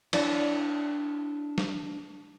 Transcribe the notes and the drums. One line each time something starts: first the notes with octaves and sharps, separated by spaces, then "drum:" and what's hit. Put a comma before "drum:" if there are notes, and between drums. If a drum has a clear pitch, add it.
D4 E4 C#5 D5, drum: cymbal
drum: snare